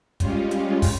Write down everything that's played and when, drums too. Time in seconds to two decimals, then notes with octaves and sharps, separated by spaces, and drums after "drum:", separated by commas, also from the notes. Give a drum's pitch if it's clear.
0.20 G3 G#3 C#4 F4, drum: kick, hi-hat
0.51 drum: hi-hat
0.82 drum: kick, open hi-hat